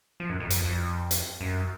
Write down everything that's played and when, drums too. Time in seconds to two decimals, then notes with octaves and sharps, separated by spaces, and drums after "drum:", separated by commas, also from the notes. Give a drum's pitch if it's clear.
0.20 F3
0.30 F#2
0.40 F2
0.50 F2, drum: hi-hat
0.65 F2
1.11 drum: hi-hat
1.41 F#2